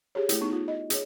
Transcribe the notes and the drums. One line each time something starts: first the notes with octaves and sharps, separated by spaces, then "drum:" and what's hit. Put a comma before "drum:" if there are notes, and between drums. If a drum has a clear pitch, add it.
G4 G#4 C#5
A3 E4, drum: hi-hat
B3 D#4 C#6
F4
D#5
G#4 C#5, drum: hi-hat